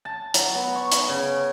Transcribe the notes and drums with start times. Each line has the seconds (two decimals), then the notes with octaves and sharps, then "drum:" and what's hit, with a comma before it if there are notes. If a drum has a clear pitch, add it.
0.05 A5
0.34 F#3, drum: hi-hat
0.55 B3
0.76 C#6
0.92 drum: hi-hat
1.09 C#3